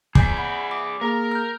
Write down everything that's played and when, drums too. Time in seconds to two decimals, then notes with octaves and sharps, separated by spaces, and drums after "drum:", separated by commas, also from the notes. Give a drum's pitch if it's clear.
0.15 G#4 D5 D6 G6 B6, drum: kick
0.36 F#5 B5 G#6
0.71 D6
1.01 A#3 G#4 A#4 A#5
1.31 F6 G6